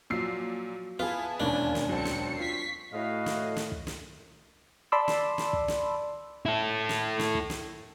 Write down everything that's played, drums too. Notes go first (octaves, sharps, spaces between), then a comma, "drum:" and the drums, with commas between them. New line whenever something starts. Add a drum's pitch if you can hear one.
A#2 F3 F#3 E6 C7
B3 E4 F4 G#4 G#5 A5
E1 D#2 A#3 C#4 D4
drum: snare
F#3 C4 A5 C#7, drum: kick
drum: snare
F4 C#6 B6 C7
A2 E4 F#4 D#5 F5
drum: snare
drum: snare
drum: kick
drum: snare
D5 A5 B5 C6 D6 E6
drum: snare
drum: snare
drum: kick
drum: snare
E4 A4
drum: snare
drum: snare
drum: kick
drum: snare